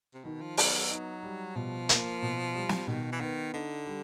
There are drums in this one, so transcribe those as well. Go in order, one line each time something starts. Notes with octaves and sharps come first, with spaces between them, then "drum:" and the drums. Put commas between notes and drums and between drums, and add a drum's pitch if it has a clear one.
C3
B2 D#3
F3
F#3 B3, drum: open hi-hat
F#3
D#4
G3
B2 F3
A#3, drum: hi-hat
B2
G3
drum: snare
B2 D#3
E3
D#3 B3
D3 D#4
G3